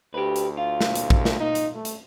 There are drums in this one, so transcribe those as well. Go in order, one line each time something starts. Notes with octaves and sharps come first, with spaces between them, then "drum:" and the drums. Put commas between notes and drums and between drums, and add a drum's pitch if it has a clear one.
D2 G4 B4
drum: hi-hat
F4
drum: snare
drum: hi-hat
drum: kick
drum: snare
D#4
drum: hi-hat
A3
drum: hi-hat